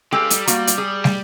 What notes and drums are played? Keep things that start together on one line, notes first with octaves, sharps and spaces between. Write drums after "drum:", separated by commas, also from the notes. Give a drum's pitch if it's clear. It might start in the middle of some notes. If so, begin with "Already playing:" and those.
G#3 G4 A4 F5 G5
G3, drum: hi-hat
A#3 F#4, drum: hi-hat
drum: hi-hat
G#4
drum: snare